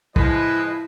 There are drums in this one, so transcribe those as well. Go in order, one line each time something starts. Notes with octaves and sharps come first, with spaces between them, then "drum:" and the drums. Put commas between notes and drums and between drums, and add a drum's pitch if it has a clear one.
F3 G#3 E4 B4 D#5, drum: kick